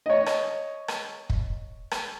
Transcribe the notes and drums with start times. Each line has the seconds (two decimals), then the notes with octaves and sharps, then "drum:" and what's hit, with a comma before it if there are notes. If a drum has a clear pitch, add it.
0.06 C#5 D#5
0.26 drum: rim click
0.88 drum: rim click
1.30 drum: kick
1.91 drum: rim click